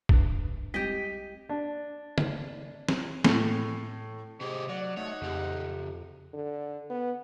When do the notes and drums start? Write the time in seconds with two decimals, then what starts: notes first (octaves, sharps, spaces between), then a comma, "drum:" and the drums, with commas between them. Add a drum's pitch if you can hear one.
0.09 D4 B4, drum: kick
0.74 G3 G#3 C4 G4 D#5 B6
1.49 D4
2.18 drum: tom C#3
2.89 drum: snare
3.24 A2, drum: snare
4.41 C3 G4 G#4 C5 D#5 D6
4.69 F#3 D5 F#5
4.97 A3 D#4 C#5 F#5
5.22 F2 C#3 G4
6.33 D3
6.90 B3